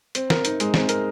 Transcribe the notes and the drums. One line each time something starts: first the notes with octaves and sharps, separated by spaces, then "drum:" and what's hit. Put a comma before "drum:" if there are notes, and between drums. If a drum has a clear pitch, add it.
C4, drum: hi-hat
A#4, drum: snare
D#4, drum: hi-hat
G#3, drum: hi-hat
C4, drum: snare
A#4, drum: hi-hat